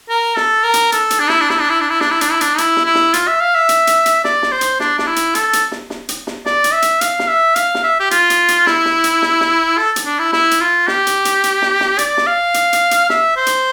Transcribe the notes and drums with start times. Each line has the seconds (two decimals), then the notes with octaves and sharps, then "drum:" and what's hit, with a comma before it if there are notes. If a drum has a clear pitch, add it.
0.09 A#4
0.37 A4, drum: snare
0.64 A#4
0.74 drum: hi-hat
0.92 A4, drum: hi-hat
1.10 drum: hi-hat
1.20 D4
1.29 E4, drum: snare
1.41 D4
1.50 E4, drum: snare
1.60 D4
1.70 E4
1.81 D4
1.90 E4
2.01 D4, drum: snare
2.11 E4
2.21 D4, drum: hi-hat
2.31 E4
2.41 D4, drum: hi-hat
2.58 E4, drum: hi-hat
2.77 drum: snare
2.86 E4
2.95 drum: snare
3.14 F4, drum: hi-hat
3.28 E5
3.41 F5
3.55 E5
3.69 drum: hi-hat
3.87 drum: hi-hat
4.06 drum: hi-hat
4.24 D5, drum: snare
4.43 drum: snare
4.52 C5
4.61 drum: hi-hat
4.80 D4, drum: snare
4.99 D4, drum: snare
5.07 E4
5.16 drum: hi-hat
5.35 A4, drum: hi-hat
5.53 drum: hi-hat
5.72 drum: snare
5.90 drum: snare
6.09 drum: hi-hat
6.27 drum: snare
6.46 D5, drum: snare
6.64 drum: hi-hat
6.73 E5
6.82 drum: hi-hat
7.01 F5, drum: hi-hat
7.19 drum: snare
7.29 E5
7.56 F5, drum: hi-hat
7.75 drum: snare
7.84 E5
8.00 G4
8.11 F4, drum: hi-hat
8.30 drum: hi-hat
8.48 drum: hi-hat
8.67 E4, drum: snare
8.85 drum: snare
9.04 drum: hi-hat
9.22 drum: snare
9.41 drum: snare
9.78 A4
9.96 drum: hi-hat
10.06 D4
10.19 E4
10.33 E4, drum: snare
10.51 drum: hi-hat
10.61 F4
10.88 G4, drum: snare
11.07 drum: hi-hat
11.25 drum: hi-hat
11.44 drum: hi-hat
11.62 drum: snare
11.80 drum: snare
11.98 D5, drum: hi-hat
12.17 drum: snare
12.27 F5
12.54 drum: hi-hat
12.73 drum: hi-hat
12.91 drum: hi-hat
13.10 E5, drum: snare
13.37 C5
13.47 drum: hi-hat